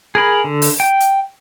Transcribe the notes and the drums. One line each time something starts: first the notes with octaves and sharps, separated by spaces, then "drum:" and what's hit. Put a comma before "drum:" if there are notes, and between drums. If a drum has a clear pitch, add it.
G#4 A#4 B5
D3
drum: open hi-hat
G5
drum: hi-hat